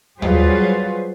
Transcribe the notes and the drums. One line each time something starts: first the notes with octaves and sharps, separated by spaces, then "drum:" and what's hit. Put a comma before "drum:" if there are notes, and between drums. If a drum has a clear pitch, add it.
F#3 G3 F4 G#4 B4 C5, drum: tom D#2